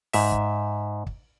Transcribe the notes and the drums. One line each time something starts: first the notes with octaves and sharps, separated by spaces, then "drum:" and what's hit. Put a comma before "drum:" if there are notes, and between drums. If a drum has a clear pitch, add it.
G#2 E5, drum: open hi-hat
drum: kick
drum: kick